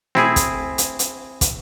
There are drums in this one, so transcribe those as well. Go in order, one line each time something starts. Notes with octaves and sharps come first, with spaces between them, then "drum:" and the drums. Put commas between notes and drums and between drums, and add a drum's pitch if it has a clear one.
C4 E4 G#4, drum: snare
drum: kick, hi-hat
drum: hi-hat
drum: hi-hat
drum: kick, hi-hat